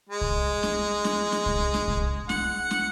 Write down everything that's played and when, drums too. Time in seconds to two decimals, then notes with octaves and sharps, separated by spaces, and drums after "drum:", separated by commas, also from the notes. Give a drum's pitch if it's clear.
0.09 G#3
0.21 drum: kick C2
0.63 drum: snare
1.04 drum: snare
1.32 drum: snare
1.46 drum: kick C2
1.74 drum: snare
1.88 drum: kick C2
2.29 F#5, drum: snare
2.71 drum: snare